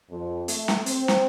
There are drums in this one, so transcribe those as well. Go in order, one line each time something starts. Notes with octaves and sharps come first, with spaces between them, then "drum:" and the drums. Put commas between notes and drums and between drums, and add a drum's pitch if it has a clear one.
F2
A3, drum: hi-hat
drum: snare
C4, drum: hi-hat
drum: snare